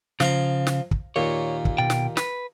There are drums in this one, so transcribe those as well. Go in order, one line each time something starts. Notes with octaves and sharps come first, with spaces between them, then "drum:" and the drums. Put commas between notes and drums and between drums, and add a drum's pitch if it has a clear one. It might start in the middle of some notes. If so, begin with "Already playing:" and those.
C#3 F3 F5 A#5, drum: snare
drum: snare
drum: kick
D#2 A#2 C#5
drum: kick
B2 G5
drum: snare
B4, drum: snare